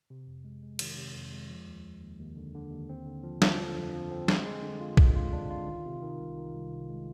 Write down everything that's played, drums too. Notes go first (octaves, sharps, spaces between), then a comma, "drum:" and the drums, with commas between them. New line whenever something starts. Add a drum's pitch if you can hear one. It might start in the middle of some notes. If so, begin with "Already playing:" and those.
C3
F2
G#3
G#3
D#3, drum: cymbal
C3
F2
G#3
F3
D#2
D#2
D#2
D#2
D3
D3
D#2
C4
D3
F3
F3, drum: snare
D3
F2
F3
C4
G#3, drum: snare
G#3
D3
F4
D3, drum: kick A#1
F4
D4
F4
D#3
C3
D#3
C2
D#3
C2
C3
G#3